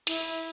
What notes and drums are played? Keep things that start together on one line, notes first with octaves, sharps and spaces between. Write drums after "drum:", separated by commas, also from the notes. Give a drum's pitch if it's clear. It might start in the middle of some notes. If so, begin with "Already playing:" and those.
E4, drum: hi-hat